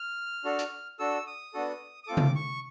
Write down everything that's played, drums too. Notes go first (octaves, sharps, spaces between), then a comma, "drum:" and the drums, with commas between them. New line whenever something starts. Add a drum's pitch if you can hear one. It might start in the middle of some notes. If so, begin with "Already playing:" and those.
Already playing: F6
D4 F#4 A4
drum: hi-hat
D4 F#4 A4 E6
D#6
B3 D4 F#4 A4
D#6
A3 C4 F4 A4 D6
drum: tom C3
C#6